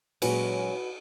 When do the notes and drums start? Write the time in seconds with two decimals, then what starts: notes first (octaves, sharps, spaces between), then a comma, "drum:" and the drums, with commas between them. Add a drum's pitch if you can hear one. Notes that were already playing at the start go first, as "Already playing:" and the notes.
0.22 A#2 F#3 G#3 C#4 F#4 B4, drum: cymbal